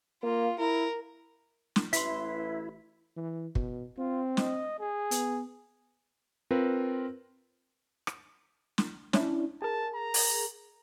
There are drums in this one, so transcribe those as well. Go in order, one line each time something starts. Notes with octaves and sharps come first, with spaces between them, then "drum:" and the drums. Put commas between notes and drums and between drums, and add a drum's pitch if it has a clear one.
A#3 F4
E4 A#4
drum: snare
A1 E4 B4 E5 C6, drum: hi-hat
E3
B2, drum: kick
C4 F4
D#5, drum: snare
G#4
B3, drum: hi-hat
C4 F4 A#4 B4
drum: rim click
drum: snare
C#4 D4 E4, drum: snare
G#4 A#4 A5
A#5
drum: open hi-hat